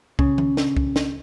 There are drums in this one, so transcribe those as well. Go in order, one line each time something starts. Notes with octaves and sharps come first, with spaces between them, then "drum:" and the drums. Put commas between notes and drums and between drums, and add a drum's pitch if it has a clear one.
C#3, drum: kick C2
drum: tom D#3
drum: snare
drum: kick C2
drum: snare